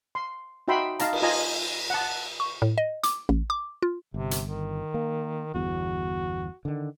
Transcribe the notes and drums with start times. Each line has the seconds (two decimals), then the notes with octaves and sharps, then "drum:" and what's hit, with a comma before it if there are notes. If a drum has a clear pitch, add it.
0.15 C6
0.68 D#4 F#4 E5 G5 B5 C6
0.99 D#4 F5 A5 A#5, drum: hi-hat
1.13 drum: cymbal
1.22 F4 D#5 G#5 A#5
1.90 F#5 A5
2.40 C#6
2.62 A2
2.78 D#5
3.03 D6, drum: hi-hat
3.29 A1
3.50 D6
3.82 F4
4.14 G1 C3
4.31 drum: hi-hat
4.49 D#3
4.94 A#3
5.54 G1 E2 F#4
6.65 D3 D#3